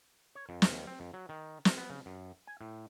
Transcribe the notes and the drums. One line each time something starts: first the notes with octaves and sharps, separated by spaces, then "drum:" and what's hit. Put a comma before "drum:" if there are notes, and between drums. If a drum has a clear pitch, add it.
C#5
F2
drum: snare
D#2
C4
F2
F#3
D#3
drum: snare
B3
C#3
F#2
G#5
A2